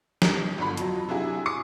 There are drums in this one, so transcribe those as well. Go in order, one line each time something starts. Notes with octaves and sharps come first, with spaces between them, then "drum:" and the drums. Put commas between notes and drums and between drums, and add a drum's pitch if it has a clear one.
G4 A#4, drum: snare
G1 D3 B5
F2 F#3, drum: hi-hat
C3 F#3 D4 E4 G#4
D6 D#6 C#7